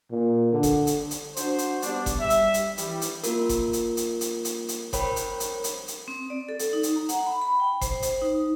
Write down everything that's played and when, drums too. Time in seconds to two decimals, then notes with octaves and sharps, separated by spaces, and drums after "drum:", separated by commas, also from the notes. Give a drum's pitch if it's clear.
0.11 A#2
0.53 D3
0.63 drum: kick G1, hi-hat
0.87 drum: hi-hat
1.11 drum: hi-hat
1.36 D4 F#4 C5, drum: hi-hat
1.58 drum: hi-hat
1.82 G3 B3 D4 D5, drum: hi-hat
2.06 drum: kick G1, hi-hat
2.20 G3 E5
2.30 drum: hi-hat
2.54 drum: hi-hat
2.78 E3 G3, drum: hi-hat
3.02 drum: hi-hat
3.23 A#3 F4 A#4, drum: hi-hat
3.49 drum: kick G1, hi-hat
3.73 drum: hi-hat
3.97 drum: hi-hat
4.21 drum: hi-hat
4.45 drum: hi-hat
4.68 drum: hi-hat
4.93 A#4 C5 C#5 G5 B5, drum: kick G1, hi-hat
5.16 drum: hi-hat
5.40 drum: hi-hat
5.64 drum: hi-hat
5.88 drum: hi-hat
6.08 C4
6.30 D5
6.49 A4
6.59 drum: hi-hat
6.73 D#4
6.83 drum: hi-hat
6.96 A#5
7.09 F#5, drum: hi-hat
7.26 B5
7.42 B5
7.60 G5
7.81 C5, drum: kick G1, hi-hat
8.02 drum: hi-hat
8.22 D#4